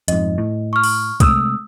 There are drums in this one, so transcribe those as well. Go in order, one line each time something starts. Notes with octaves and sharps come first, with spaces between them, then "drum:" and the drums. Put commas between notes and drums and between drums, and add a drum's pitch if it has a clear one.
F2 G#2 D#5, drum: hi-hat
A2
C#6 F6
drum: open hi-hat
C3 G#3 A3 D#6 E6, drum: kick, hi-hat